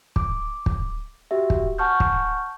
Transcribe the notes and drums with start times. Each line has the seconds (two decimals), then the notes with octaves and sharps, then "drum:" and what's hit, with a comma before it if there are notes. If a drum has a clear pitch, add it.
0.16 D6, drum: kick
0.66 drum: kick
1.31 F#4 G4 E5
1.50 drum: kick
1.78 F#5 G#5 A5 C#6 F6 G6
2.00 drum: kick